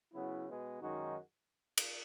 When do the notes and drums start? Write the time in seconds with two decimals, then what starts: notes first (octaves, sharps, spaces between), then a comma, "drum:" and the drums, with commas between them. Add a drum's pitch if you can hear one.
0.13 C#3 F#3 B3 E4
0.47 B2 G#3 B3
0.82 F#2 D#3 G#3 D#4 F#4
1.77 drum: cymbal